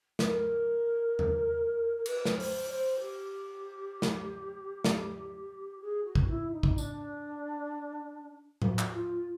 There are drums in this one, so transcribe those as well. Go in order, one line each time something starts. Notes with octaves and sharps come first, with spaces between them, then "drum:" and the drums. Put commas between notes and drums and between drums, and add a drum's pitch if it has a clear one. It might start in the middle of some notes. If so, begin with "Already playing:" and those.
B4, drum: snare
A#4
drum: tom E2
A#4
B4, drum: cymbal
drum: snare
C#5
C5, drum: open hi-hat
C#5
C5
G4
drum: snare
drum: snare
G#4
F#4
drum: kick
E4
D#4
drum: kick
D#4
D4, drum: tambourine
F#4, drum: tom A2
drum: clap
F4